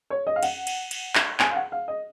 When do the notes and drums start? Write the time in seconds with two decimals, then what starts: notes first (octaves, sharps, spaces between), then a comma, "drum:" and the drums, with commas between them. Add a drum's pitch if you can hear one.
0.10 C#5
0.27 D#5
0.36 F5
0.43 F#5, drum: cymbal
0.67 drum: cymbal
0.91 drum: cymbal
1.15 drum: clap
1.40 G#5, drum: clap
1.51 F5
1.56 F#5
1.72 F5
1.88 D#5